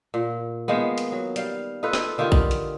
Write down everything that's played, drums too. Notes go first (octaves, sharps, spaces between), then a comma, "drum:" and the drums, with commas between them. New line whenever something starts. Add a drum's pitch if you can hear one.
A#2
D#3 G#3 A#3 B3
drum: hi-hat
F#3
G3 F5, drum: hi-hat
D#4 F4 A4 B4
drum: snare
D3 D#3 F4 G4
drum: kick A#1
drum: hi-hat